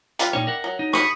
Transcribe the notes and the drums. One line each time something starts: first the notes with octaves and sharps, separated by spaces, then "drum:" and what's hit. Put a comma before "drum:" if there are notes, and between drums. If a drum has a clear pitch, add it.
G3 F4 B4, drum: hi-hat
A#2 G3 D#4 C#5
A#4 E5 F#5
F#3
D#4
B5 C#6 D#6, drum: rim click